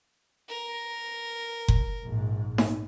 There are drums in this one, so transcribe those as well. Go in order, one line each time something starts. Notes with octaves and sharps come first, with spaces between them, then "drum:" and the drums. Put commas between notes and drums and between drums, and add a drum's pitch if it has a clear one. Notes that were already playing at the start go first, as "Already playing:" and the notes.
A#4
drum: kick F#1
A#1 G#2
drum: snare D#4